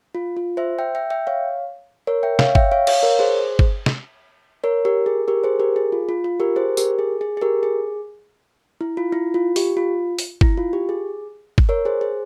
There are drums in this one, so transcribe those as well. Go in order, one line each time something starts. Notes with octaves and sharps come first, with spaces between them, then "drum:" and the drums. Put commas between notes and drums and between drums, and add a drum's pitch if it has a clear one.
F4
F4
C5 E5
E5 G5
E5 G5
E5 G5
C#5 F5
A#4 C#5
E5 G5
C#5 F5, drum: snare
E5 G5, drum: kick G1
C#5 F5
C#5 F5, drum: cymbal
A#4 C#5
G#4 C5
drum: kick G1
drum: snare
A#4 C#5
G4 A#4
G#4
G4 A#4
G#4 C5
G4 A#4
G#4
F4
F4
F4
G4 A#4
G#4 C5
G4 A#4, drum: tambourine
G#4
G#4
G#4
G4 A#4
G#4
E4
F4
E4
F4
G4, drum: open hi-hat
F4
drum: open hi-hat
E4, drum: kick G1
F4
G4
G#4
drum: kick G1
A#4 C#5
G#4 C5
G#4